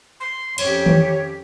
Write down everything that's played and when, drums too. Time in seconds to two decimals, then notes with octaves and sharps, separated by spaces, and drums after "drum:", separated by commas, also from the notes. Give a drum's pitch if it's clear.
0.20 C6
0.58 F2 C#4 G4 C#5, drum: cymbal
0.86 drum: tom D#3